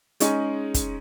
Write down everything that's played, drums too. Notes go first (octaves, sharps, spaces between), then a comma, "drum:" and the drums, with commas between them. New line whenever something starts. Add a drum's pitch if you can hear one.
G#3 C#4 D#4 G#4, drum: hi-hat
drum: kick, hi-hat